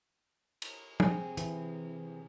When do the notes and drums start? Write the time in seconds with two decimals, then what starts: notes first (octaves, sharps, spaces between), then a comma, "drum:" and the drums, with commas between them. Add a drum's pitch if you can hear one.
0.62 drum: cymbal
1.00 C3 C4 G#4, drum: tom
1.37 E3, drum: hi-hat